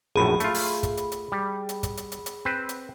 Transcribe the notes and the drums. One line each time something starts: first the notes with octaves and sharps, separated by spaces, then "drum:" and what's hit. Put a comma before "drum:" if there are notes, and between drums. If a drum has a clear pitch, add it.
A#1 F#2 A2 G#4 B5
A3 F4, drum: hi-hat
drum: open hi-hat
drum: kick, hi-hat
drum: hi-hat
drum: hi-hat
G3
drum: hi-hat
drum: kick, hi-hat
drum: hi-hat
drum: hi-hat
drum: hi-hat
C4 B4 C5
drum: hi-hat